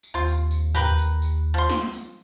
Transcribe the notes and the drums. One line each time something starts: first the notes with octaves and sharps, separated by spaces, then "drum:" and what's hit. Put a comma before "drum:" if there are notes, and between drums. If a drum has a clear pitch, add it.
drum: tambourine
D#2 C4 F4
drum: tambourine
drum: tambourine
G4 A#4 B4, drum: tom
drum: tambourine
drum: tambourine
F3 C6
drum: snare
drum: tambourine